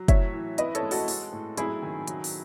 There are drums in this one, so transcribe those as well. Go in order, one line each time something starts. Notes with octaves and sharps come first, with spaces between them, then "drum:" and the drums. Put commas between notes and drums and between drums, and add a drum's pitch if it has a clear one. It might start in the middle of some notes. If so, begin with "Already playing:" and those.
Already playing: F#3
A2 C#5 E5, drum: kick, hi-hat
E3
E4 B4 D#5, drum: hi-hat
A4 C#5, drum: hi-hat
G#3
F#4 A4, drum: open hi-hat
G#3, drum: open hi-hat
A2
F#3 E4 G#4, drum: hi-hat
D#3
F#3, drum: hi-hat
drum: open hi-hat